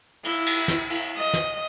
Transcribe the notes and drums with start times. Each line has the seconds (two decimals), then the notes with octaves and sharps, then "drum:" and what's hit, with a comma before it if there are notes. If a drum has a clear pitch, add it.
0.24 E4, drum: cymbal
0.46 drum: cymbal
0.68 drum: snare
0.90 drum: cymbal
1.17 D#5
1.33 drum: snare